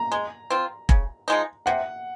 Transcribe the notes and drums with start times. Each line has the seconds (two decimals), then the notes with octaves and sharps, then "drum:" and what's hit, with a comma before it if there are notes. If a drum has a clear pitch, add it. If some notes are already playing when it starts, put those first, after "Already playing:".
Already playing: A#5
0.12 G#3
0.50 C4 F4
0.89 C#3, drum: kick F1
1.28 F3 G#3 D#4
1.66 C3 F#5